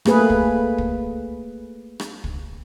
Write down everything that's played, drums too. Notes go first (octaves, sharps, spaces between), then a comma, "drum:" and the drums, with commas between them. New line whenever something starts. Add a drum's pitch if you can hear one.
A3 A#3 G#4 B4, drum: rim click
drum: kick
drum: kick
drum: rim click
drum: kick